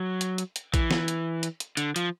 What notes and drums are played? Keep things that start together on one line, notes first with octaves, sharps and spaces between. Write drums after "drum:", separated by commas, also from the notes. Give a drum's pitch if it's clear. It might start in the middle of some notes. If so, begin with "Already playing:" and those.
Already playing: F#3
drum: hi-hat
drum: hi-hat
drum: hi-hat
E3, drum: kick A#1, hi-hat
drum: snare
drum: hi-hat
drum: hi-hat
drum: hi-hat
D3, drum: hi-hat
F3, drum: hi-hat